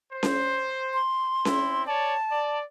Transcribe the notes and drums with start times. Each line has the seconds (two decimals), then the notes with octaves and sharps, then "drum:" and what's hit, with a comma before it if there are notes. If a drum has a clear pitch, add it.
0.12 C5
0.23 drum: snare C#4
0.94 C6
1.45 C4 E4, drum: snare C#4
1.87 C#5 D5 A5
2.31 D5